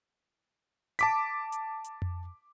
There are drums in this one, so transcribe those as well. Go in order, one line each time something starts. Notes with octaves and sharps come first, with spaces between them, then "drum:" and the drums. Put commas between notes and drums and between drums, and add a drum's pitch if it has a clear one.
A5 D6 B6, drum: hi-hat
drum: hi-hat
drum: hi-hat
drum: tom F2